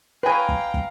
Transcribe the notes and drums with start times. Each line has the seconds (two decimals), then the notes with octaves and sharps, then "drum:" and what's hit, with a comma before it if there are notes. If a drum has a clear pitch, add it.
0.23 B4 F5 G5 G#5 A#5
0.49 drum: kick
0.74 drum: kick